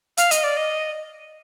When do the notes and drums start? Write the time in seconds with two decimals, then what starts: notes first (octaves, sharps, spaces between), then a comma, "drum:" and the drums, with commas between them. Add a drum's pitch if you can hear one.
0.17 F5, drum: hi-hat
0.31 D#5, drum: hi-hat
0.44 D5
0.57 D#5